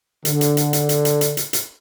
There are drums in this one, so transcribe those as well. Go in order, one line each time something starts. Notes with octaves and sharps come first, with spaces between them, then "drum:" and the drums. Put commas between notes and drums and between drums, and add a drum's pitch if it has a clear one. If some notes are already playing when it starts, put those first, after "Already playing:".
D3, drum: hi-hat
drum: hi-hat
drum: hi-hat
drum: hi-hat
drum: hi-hat
drum: hi-hat
drum: hi-hat
drum: hi-hat
drum: hi-hat